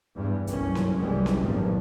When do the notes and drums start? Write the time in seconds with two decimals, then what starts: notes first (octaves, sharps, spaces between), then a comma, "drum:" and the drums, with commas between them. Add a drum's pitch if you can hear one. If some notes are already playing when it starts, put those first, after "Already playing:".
0.15 E2 G2 E3 G3
0.47 F#1 C2 C#4, drum: hi-hat
0.75 drum: snare C#4
0.96 F#1 C2 E3 G3 G#3
1.26 drum: snare C#4
1.39 F#1 E2 G2 A#2 D#3 F3